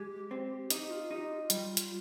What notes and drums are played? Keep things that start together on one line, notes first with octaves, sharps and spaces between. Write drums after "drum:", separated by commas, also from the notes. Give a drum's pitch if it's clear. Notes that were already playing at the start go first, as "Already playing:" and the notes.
Already playing: G#3 G4
C4
D#4 G4, drum: hi-hat
F4
D#4 G4
F4
G3, drum: hi-hat
drum: hi-hat